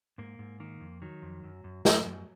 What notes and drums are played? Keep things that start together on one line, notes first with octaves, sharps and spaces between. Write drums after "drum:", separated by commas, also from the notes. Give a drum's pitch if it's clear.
G#2 A#3
G#2
D#3 A#3
F2
D#3 F#3
F2
F#2
F#2
F#2, drum: snare
F#2